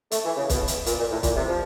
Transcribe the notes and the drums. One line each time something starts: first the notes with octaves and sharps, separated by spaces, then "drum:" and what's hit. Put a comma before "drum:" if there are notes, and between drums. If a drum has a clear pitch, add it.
A3, drum: hi-hat
E3
C#3
B2, drum: kick, hi-hat
drum: hi-hat
A#2, drum: hi-hat
A#2
A2
A#2, drum: kick, hi-hat
C3
F3